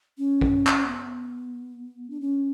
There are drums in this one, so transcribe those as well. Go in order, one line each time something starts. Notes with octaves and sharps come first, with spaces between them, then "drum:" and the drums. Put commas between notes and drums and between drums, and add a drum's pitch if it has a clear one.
C#4
drum: kick
drum: clap
B3
D4
C#4